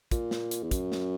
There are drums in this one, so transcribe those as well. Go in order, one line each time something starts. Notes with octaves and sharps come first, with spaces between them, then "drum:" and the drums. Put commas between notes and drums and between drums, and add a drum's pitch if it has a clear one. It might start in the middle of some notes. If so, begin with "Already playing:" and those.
A#2, drum: kick, hi-hat
drum: snare
drum: hi-hat
E2
F#2, drum: kick, hi-hat
drum: snare